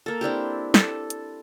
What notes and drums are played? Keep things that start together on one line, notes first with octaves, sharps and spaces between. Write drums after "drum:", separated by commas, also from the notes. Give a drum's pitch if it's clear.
A#3 A4
C4 D4 E4 G4
A4, drum: snare
drum: hi-hat